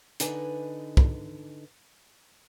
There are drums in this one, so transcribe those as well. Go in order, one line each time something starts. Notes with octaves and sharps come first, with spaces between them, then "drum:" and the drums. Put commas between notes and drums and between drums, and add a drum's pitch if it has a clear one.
D3 D#4 B4 G#5, drum: hi-hat
drum: kick C2